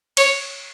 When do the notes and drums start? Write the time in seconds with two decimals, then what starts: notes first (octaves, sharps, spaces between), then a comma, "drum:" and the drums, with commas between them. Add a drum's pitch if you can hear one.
0.17 C#5, drum: cymbal